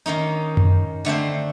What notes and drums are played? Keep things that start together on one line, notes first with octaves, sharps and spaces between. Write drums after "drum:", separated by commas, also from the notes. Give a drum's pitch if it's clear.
D#3 A#3 C#4 D#4
drum: tom F#2
D3 A3 C4 C5